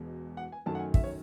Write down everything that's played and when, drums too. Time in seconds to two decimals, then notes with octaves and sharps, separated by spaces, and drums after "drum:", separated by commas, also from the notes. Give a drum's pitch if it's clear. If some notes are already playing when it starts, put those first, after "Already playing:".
Already playing: E1 E2 B2 G#3 B3
0.37 F#5
0.52 G#5
0.66 F#2 D#3 F#3 A3 A5
0.75 F#5
0.79 G#5
0.94 E5, drum: kick
1.04 C#5